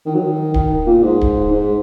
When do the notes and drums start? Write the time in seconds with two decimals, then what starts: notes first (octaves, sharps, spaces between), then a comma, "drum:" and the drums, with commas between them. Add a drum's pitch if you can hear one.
0.06 D#3
0.14 F#3
0.22 D#3
0.54 D#3, drum: kick D1
0.86 A#2
1.03 G#2
1.21 drum: kick D1
1.51 G#2